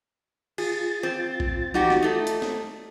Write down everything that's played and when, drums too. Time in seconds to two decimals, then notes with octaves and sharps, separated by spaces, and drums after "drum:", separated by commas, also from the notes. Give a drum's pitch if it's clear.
0.58 F4 G#4 A6, drum: cymbal
1.03 C4
1.40 drum: kick A#1
1.74 D#4 F#4 G4, drum: tom E3
1.90 drum: snare
2.02 A3 D#4
2.27 drum: hi-hat
2.42 drum: snare